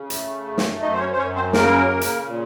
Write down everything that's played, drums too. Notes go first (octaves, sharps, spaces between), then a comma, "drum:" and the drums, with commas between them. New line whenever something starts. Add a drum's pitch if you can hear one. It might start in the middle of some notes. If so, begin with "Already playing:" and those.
Already playing: C#3
A3, drum: hi-hat
F#2
drum: snare
F#2 D#4 D#5
C5
C#4 C#5
C5
F#2 C#4 C#5
C4 C5
C#3 A#3 A#4, drum: snare
C#3
drum: hi-hat
A#2